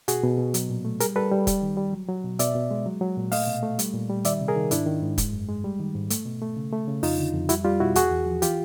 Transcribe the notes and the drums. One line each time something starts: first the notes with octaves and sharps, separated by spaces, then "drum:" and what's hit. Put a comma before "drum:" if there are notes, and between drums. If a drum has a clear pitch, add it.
B2 F#4 G#4, drum: hi-hat
B2
B2
F#3, drum: hi-hat
A#2
A3
G3 G#4 A#4, drum: hi-hat
G3 A4 B4
G3
G3, drum: kick, hi-hat
D#3
G3
F#3
F#3
B2
B2 D5 E5, drum: hi-hat
B2
G#3
F#3
F#3
A#2
A3 D#5 F5, drum: open hi-hat
B2
A3
G3, drum: hi-hat
A#2
G3
D#3 D5 E5, drum: hi-hat
C3
G#4 A#4
D#3
G#2 D4 E4, drum: hi-hat
D#3
G#2
G#3, drum: kick, hi-hat
F#2
G#3
G3
D#3
G#2
A3, drum: hi-hat
B2
A3
C#3
A3
C#3
F2 D#4 F4, drum: open hi-hat
D3
F2
G3 E4 F#4, drum: hi-hat
G3 F4 G4
B2 E4 F#4
E2 F#4 G#4, drum: hi-hat
E2
F3
E3 F4 G4, drum: hi-hat